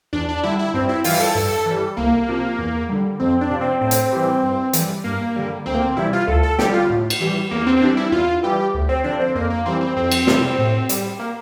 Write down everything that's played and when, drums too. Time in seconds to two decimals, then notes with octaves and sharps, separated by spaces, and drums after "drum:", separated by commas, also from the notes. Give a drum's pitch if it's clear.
0.13 E2 D4
0.29 D4
0.43 D3 G3 E4
0.59 E4
0.74 G2 C4
0.89 E4
1.04 E3 G3 F4, drum: open hi-hat
1.20 A4
1.35 G2
1.66 E3 G3
1.97 C2 A#3
2.28 C3 F3
2.59 E2
2.89 D3 G3
3.20 F2 C4
3.41 D4
3.50 C3 F3
3.61 C4
3.81 A2 C4
3.91 drum: hi-hat
4.12 E3 G3
4.43 G2
4.73 E3 G3, drum: hi-hat
5.04 G2 A#3
5.36 D3 G3
5.66 D2 C4
5.74 A#3
5.82 C4
5.96 C3 E3 G3 E4
6.13 F4
6.27 D2 A4
6.43 A4
6.58 D3 G3 G4, drum: snare
6.74 F4
6.90 A2
7.10 drum: cymbal
7.20 E3 G3
7.51 E2 A#3
7.66 C4
7.77 C4
7.81 E3 G3 D4
7.97 E4
8.12 E2 F4
8.43 E3 G3 G4
8.74 D2
8.89 C4
9.04 D3 F3 D4
9.19 C4
9.35 F2 A#3
9.50 A#3
9.66 E3 G3 C4
9.81 C4
9.96 F2 C4
10.11 drum: cymbal
10.27 C3 E3 G3, drum: snare
10.58 A2
10.89 G3, drum: hi-hat
11.19 A#3